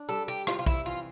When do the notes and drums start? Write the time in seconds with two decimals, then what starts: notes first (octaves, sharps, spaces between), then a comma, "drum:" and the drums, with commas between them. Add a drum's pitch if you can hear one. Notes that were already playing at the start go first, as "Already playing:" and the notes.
Already playing: D4
0.09 G3 A4
0.28 G4
0.47 C3 F4, drum: rim click
0.59 F4
0.66 E4, drum: kick B1, tambourine
0.86 E3 F4